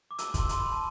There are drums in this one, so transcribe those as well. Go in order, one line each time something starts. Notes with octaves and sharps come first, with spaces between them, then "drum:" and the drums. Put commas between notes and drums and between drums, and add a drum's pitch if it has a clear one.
D6
E6, drum: hi-hat
C6, drum: kick, hi-hat
C6, drum: hi-hat
B5
A5